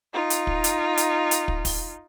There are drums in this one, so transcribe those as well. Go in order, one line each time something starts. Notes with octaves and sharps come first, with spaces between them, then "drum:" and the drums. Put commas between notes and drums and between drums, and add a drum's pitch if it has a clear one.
D#4 F4
drum: hi-hat
drum: kick
drum: hi-hat
drum: hi-hat
drum: hi-hat
drum: kick
drum: kick, open hi-hat